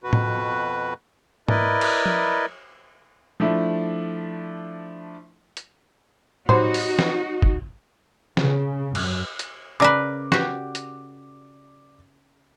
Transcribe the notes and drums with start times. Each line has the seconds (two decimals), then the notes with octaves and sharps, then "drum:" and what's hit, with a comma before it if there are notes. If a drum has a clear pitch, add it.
0.04 F2 B2 F#4 B4
0.13 drum: tom A2
1.48 E4 A#4 B4 D5 D#5, drum: tom G#2
1.81 drum: cymbal
2.06 drum: tom F3
3.40 F3 A3 D4 E4
5.57 drum: hi-hat
6.49 F#3 G3 D#4 F#4 C5, drum: tom A2
6.74 drum: open hi-hat
6.99 drum: snare
7.42 drum: kick
8.37 C#3, drum: snare
8.95 F#2, drum: cymbal
9.39 drum: hi-hat
9.80 C#3 A#4 B4 D5 D6
10.32 F#4 G4, drum: snare
10.75 drum: hi-hat